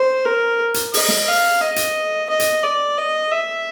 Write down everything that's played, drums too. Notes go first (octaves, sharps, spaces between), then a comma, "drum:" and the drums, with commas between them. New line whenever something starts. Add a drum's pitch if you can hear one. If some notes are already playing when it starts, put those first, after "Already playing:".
Already playing: C5
A#4
drum: hi-hat
D#5, drum: open hi-hat
drum: snare
F5
D#5
drum: hi-hat
D#5
drum: hi-hat
D5
D#5
E5